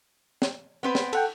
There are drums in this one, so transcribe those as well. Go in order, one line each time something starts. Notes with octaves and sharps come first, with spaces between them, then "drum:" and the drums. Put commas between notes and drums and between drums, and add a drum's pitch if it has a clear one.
drum: snare
B3 C4 B4
drum: snare
A4 F#5 G5, drum: cymbal